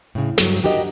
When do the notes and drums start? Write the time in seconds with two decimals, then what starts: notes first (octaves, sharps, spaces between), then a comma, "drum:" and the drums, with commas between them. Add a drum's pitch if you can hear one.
0.15 A2 C#3
0.38 G2 F#3, drum: snare
0.63 D4 F#4 G4 A#4 C#5 D#5